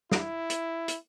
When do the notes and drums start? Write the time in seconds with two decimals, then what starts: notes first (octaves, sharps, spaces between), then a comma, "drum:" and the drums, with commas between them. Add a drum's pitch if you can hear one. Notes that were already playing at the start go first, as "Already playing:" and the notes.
0.11 E4, drum: snare
0.50 drum: hi-hat
0.88 drum: hi-hat